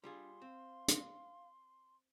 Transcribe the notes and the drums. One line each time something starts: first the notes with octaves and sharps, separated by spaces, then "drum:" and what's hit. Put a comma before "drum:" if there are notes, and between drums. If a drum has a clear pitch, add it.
G3 D4 F4 G#4 C6
C4 F5
drum: hi-hat